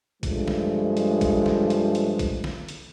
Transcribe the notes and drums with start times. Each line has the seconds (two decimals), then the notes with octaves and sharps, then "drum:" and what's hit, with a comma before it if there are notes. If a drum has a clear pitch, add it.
0.23 G2 F3 G#3 A3, drum: kick, hi-hat
0.48 drum: snare
0.97 drum: hi-hat
1.21 drum: kick, hi-hat
1.46 drum: snare
1.70 drum: hi-hat
1.95 drum: hi-hat
2.19 drum: kick, hi-hat
2.44 drum: snare
2.69 drum: hi-hat